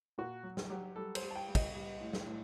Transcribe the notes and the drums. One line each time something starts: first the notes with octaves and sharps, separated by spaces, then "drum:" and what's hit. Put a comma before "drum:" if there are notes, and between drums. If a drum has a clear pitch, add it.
A#2 F#4
F#3
drum: snare
F#3 G4
G3 A4
C5, drum: cymbal
G3
A5
G5
G3
D#5, drum: kick, cymbal
G3
A2
drum: snare
A2